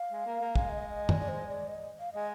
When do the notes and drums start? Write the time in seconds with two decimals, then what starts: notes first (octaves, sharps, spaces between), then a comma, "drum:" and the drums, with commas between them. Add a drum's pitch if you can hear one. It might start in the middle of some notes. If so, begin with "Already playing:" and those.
Already playing: F5
0.12 G#3
0.26 A#3
0.41 A#3
0.56 G#3, drum: kick
0.70 D#5
0.89 D#5
1.09 D5, drum: tom F#2
1.20 D5
1.28 C5
1.48 D5
1.67 D#5
2.00 F5
2.13 G#3 D#5